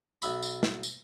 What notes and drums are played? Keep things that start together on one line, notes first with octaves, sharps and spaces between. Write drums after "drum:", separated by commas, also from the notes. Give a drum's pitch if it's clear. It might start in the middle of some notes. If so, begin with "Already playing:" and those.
B1 E5 B5, drum: tambourine
drum: tambourine
drum: snare
drum: tambourine